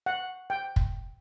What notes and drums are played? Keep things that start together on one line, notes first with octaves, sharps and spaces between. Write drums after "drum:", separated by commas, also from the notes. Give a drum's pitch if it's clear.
F#5
G5
drum: kick